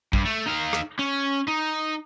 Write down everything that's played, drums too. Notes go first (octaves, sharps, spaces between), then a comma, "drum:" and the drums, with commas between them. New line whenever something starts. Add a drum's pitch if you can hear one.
G2, drum: kick A#1
A3
D#4 F5
drum: rim click
C#4
D#4